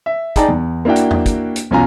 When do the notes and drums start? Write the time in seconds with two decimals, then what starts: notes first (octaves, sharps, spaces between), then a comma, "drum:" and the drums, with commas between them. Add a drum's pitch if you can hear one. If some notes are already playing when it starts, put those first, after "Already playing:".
0.06 E5
0.36 D#4 G#4 D5 G5 A5 A#5, drum: kick, hi-hat
0.48 E2
0.85 A#3 D4 E4 F#4 G5
0.96 drum: hi-hat
1.11 drum: tom E2
1.26 drum: kick, hi-hat
1.56 drum: hi-hat
1.71 B1 E2 C#4 F4 G#5 A#5